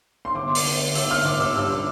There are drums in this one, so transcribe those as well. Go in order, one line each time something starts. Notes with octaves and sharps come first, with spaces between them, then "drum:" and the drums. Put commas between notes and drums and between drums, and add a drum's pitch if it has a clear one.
C6
G1 D6
drum: open hi-hat
G1
G1 E6, drum: open hi-hat
F6
G1 D6
E6
G2 E6
D6